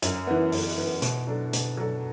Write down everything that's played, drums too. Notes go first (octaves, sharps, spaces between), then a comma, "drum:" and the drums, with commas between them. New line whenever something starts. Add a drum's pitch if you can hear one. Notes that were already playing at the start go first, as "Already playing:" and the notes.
F#2, drum: hi-hat
E3 B3
F#2, drum: open hi-hat
E3 B3
B2, drum: hi-hat
F#3 D4 A4
B2, drum: hi-hat
F#3 D4 A4